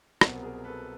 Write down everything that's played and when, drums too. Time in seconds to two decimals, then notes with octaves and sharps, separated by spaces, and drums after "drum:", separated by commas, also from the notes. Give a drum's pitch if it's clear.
0.21 C2 B2 F#3 A#4 C5, drum: rim click
0.43 G#4 A#4
0.64 A4 B4